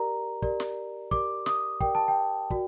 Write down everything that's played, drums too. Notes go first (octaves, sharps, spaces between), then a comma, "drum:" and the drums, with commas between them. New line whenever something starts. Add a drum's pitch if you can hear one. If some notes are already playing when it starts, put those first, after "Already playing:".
Already playing: G4 A#4 D5 A#5
G4 A#4 D5, drum: kick
drum: snare
G4 A#4 D5 D6, drum: kick
D#6, drum: snare
G4 A#4 D5 G5, drum: kick
A5
G5
F#4 A#4 D5, drum: kick